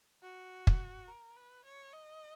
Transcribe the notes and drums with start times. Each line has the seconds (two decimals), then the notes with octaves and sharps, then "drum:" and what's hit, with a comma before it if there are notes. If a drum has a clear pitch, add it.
0.23 F#4
0.67 drum: kick
1.08 A#4
1.37 B4
1.65 C#5
1.93 D#5